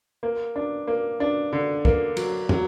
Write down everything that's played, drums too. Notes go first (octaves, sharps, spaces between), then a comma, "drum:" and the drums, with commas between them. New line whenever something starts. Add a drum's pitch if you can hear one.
A#3
D4
A#3
D4
D3
A#3, drum: kick
F#3, drum: cymbal
F#3, drum: tom